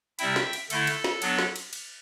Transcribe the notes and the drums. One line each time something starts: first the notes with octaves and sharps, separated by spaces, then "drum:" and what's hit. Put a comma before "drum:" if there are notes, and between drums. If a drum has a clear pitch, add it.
C3 G3 C4 E4 E5 G5, drum: cymbal
drum: snare
drum: cymbal
D3 A3 E4 A4, drum: cymbal
drum: cymbal
drum: snare
F#3 B3 D4, drum: cymbal
drum: snare
drum: cymbal
drum: cymbal